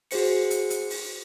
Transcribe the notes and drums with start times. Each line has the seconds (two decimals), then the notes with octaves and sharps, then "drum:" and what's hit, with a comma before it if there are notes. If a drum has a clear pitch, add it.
0.11 F#4 G#4 C5 C#7, drum: open hi-hat
0.50 drum: hi-hat
0.70 drum: hi-hat
0.90 drum: open hi-hat